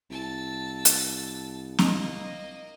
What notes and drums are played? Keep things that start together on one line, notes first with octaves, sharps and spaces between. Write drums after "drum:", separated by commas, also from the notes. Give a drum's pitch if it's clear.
C2 A5 E6
drum: hi-hat
A#3 D#5, drum: snare C4